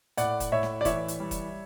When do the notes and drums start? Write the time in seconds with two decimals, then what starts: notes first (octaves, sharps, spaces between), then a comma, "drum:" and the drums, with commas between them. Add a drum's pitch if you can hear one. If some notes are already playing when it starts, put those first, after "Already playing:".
0.17 A2 D5 F#5, drum: hi-hat
0.40 drum: kick F1, hi-hat
0.52 A2 C#5 E5
0.63 drum: snare
0.81 D5
0.85 E3 C#5 E5, drum: kick F1, hi-hat
1.08 drum: hi-hat
1.20 G3
1.31 drum: kick F1, hi-hat